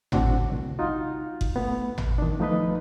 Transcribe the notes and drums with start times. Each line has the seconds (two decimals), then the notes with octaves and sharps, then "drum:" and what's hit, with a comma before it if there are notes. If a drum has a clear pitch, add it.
0.12 A2 D3 C4 D4 F#4 F#5, drum: tom G#1
0.51 C2
0.79 D#4 F4 F#4
1.41 drum: kick F#1
1.56 A3 B3
1.98 drum: tom G#1
2.18 D#3 D4
2.40 F3 A3 D#4 F4 B4 D#5